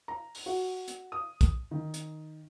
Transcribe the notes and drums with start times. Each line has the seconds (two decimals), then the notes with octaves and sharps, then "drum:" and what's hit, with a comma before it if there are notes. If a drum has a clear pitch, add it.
0.08 A#5
0.35 drum: open hi-hat
0.46 F#4
0.88 drum: hi-hat
1.12 D#6
1.41 drum: kick, hi-hat
1.71 D#3
1.94 drum: hi-hat